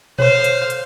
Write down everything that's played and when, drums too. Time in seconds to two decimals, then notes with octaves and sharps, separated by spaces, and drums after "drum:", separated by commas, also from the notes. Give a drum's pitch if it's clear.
0.19 A4 C5 C#5 F5, drum: tom A#2
0.44 drum: hi-hat
0.70 drum: hi-hat